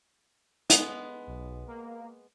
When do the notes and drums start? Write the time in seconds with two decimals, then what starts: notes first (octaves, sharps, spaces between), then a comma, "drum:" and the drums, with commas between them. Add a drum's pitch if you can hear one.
0.70 G#3 B3, drum: hi-hat
1.27 B1
1.67 A#3